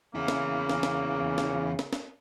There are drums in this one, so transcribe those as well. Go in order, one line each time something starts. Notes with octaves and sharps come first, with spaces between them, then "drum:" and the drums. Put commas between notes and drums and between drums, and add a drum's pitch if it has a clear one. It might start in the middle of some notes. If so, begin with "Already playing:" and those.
E2 C#3 A#3 E4
drum: snare
drum: snare
drum: snare
drum: snare
drum: snare
drum: snare